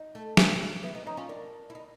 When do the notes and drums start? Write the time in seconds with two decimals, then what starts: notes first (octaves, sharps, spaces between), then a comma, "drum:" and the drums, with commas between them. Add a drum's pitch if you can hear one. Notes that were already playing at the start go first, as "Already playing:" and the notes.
Already playing: D#4
0.15 A3
0.37 A#3, drum: snare
0.83 B3 E4
0.95 B3 D#4
1.07 C#4 D#4
1.17 C#4 F4
1.29 D4 A#4
1.70 E4
1.75 D#4